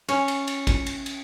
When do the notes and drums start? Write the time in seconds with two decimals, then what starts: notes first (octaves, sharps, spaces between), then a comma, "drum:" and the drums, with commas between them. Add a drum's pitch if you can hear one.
0.09 C#4, drum: cymbal
0.28 drum: cymbal
0.48 drum: cymbal
0.67 drum: kick, cymbal
0.86 drum: cymbal
1.06 drum: cymbal